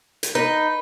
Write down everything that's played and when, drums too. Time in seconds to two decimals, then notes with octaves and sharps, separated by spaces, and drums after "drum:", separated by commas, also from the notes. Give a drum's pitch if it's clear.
0.23 drum: hi-hat
0.35 D#4 B4